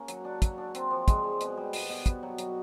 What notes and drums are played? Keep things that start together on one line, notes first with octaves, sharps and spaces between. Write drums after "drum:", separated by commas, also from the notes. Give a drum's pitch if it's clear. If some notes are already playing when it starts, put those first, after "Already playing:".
Already playing: A#3 C#4
F#3, drum: hi-hat
D4
F#3, drum: kick, hi-hat
D4
C4, drum: hi-hat
F3
G#3, drum: kick, hi-hat
G#3
B2, drum: hi-hat
G3
B2, drum: open hi-hat
B2
B3, drum: kick, hi-hat
F#3
F#3, drum: hi-hat